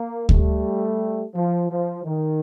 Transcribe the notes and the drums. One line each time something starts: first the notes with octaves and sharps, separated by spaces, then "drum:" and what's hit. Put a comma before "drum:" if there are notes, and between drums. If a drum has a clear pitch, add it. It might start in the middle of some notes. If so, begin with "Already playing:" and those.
Already playing: A#3
G3 A3, drum: kick D2
F3
F3
D#3